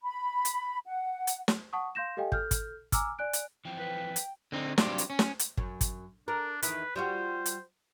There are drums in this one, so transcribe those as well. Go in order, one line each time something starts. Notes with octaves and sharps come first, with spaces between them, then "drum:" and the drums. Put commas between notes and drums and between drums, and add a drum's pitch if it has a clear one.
B5
drum: hi-hat
F#5
drum: hi-hat
drum: snare
F#5 A5 C#6 D#6
F5 C6 G6 A#6 E7
G4 A4 D#5 F5 G5 G#5
A4 F6 G6, drum: kick
drum: kick, hi-hat
G#5 A#5 D6 E6 F6, drum: kick, hi-hat
D5 G#5 F#6 D7
drum: hi-hat
E3 F3 C4 G5
B4
drum: hi-hat
D3 C4 D#4
F#3 C4 D4 D#4 F4 G4, drum: snare
drum: hi-hat
C#4
drum: snare
drum: hi-hat
F#2, drum: kick
drum: kick, hi-hat
D4 A#4
E2 D#3 E4 B4, drum: hi-hat
G3 F4 F#4 C5
drum: hi-hat